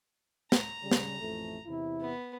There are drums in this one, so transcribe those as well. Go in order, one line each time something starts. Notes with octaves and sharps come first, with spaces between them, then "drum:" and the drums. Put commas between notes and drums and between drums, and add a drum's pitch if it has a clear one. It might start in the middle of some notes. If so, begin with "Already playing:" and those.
A#5, drum: snare
C#3 G3
drum: snare
A1 F2 A3
E2 C3 E4
B3